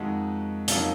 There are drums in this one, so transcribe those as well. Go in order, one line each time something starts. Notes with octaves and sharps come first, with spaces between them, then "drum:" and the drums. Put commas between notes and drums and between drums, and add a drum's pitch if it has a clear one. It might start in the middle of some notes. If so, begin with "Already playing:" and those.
Already playing: F2 D#3 G#3 D#4 F#4
F2 C#3 F#3 A#3 D#4, drum: hi-hat